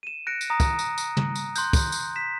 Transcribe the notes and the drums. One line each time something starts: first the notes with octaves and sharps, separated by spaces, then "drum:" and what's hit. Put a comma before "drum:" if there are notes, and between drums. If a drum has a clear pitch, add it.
D#7 E7
F#6 A#6 C#7 D7
drum: tambourine
A#5 D#6 A#6
drum: kick, tambourine
drum: tambourine
drum: tambourine
drum: tom
drum: tambourine
C6 F#6 G6, drum: tambourine
drum: kick, tambourine
drum: tambourine
B6 E7